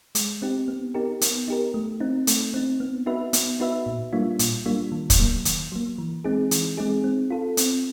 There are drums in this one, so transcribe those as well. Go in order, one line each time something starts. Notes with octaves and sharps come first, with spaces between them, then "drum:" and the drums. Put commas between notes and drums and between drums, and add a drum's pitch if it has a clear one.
G#3, drum: hi-hat
C4 D#4 G4
B3
D#4 G4 A#4
B3, drum: hi-hat
D#4 G4 A#4
A3
C4 D#4
A3, drum: hi-hat
C4 D#4
B3
D#4 F#4 B4 E5
B3, drum: hi-hat
D#4 F#4 B4 E5
A#2
G3 A#3 D4 F4
A#2, drum: hi-hat
G3 A#3 D4 F4
D#3
drum: kick, hi-hat
F#3 A#3
D#3, drum: hi-hat
F#3 A#3
E3
G#3 C4 D#4 G#4
E3, drum: hi-hat
G#3 C4 D#4 G#4
C4
F4 A4
C4, drum: hi-hat